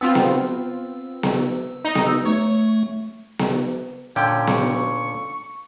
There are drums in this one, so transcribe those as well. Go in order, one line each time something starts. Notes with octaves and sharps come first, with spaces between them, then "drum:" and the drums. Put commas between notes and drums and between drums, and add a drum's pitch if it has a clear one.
B3 C4 F4 E6
drum: snare B3
drum: snare B3
D#4
drum: snare B3
A3 C#5
drum: snare B3
A#2 D3 C#4 G5
C#6, drum: snare B3